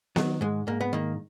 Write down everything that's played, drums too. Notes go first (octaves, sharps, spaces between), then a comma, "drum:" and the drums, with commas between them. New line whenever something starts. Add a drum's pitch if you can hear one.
D#3 F#3, drum: snare B3
G#2 G#3
G#2 A#3
B3
D#3 A#3